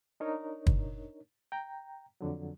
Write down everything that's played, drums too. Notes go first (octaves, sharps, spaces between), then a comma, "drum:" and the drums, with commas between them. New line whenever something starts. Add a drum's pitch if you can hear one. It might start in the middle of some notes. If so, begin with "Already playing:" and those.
D4 D#4 A#4 C#5
drum: kick
G5 A#5
F2 D3 F#3